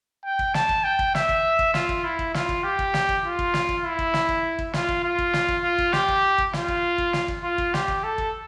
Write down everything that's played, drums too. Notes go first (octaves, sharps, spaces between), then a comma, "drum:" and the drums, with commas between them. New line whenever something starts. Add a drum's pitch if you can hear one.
G5
drum: kick
A5, drum: snare
drum: kick
G5
drum: kick
E5, drum: snare
drum: kick
drum: kick
F4, drum: snare
drum: kick
E4
drum: kick
F4, drum: snare
drum: kick
G4
drum: kick
drum: snare
drum: kick
F4
drum: kick
drum: snare
drum: kick
E4
drum: kick
drum: snare
drum: kick
drum: kick
F4, drum: snare
drum: kick
F4
drum: kick
drum: snare
drum: kick
F4
drum: kick
G4, drum: snare
drum: kick
drum: kick
F4, drum: snare
drum: kick
drum: kick
drum: snare
drum: kick
F4
drum: kick
G4, drum: snare
drum: kick
A4
drum: kick